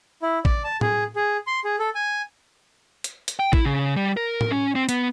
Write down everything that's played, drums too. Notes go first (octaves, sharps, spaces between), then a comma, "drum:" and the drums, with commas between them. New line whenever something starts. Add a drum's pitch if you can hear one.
E4
D5, drum: kick
A5
G#4, drum: tom A2
G#4
C6
G#4
A4
G#5
drum: hi-hat
drum: hi-hat
G5
E4, drum: kick
C#3
G3
A#4
drum: tom A2
C#4
C4
B3, drum: hi-hat